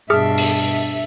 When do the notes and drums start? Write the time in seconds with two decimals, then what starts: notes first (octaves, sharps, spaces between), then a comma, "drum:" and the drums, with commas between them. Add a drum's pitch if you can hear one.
0.10 G2 B2 D4 G#4 E5 D6 F6
0.38 drum: open hi-hat